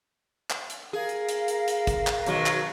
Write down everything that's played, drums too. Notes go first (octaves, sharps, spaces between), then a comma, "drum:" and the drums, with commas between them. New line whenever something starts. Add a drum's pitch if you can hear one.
drum: clap
drum: hi-hat
G#4 A#4 F5
drum: hi-hat
drum: hi-hat
drum: hi-hat
drum: hi-hat
drum: kick, hi-hat
drum: clap
B2 D#3 F#3, drum: hi-hat
drum: clap